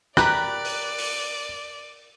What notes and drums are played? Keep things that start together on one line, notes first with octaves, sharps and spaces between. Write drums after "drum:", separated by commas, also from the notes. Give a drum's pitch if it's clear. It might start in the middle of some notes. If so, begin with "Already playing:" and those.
G4 A#4 B4 D5 F#6, drum: rim click
drum: open hi-hat
drum: open hi-hat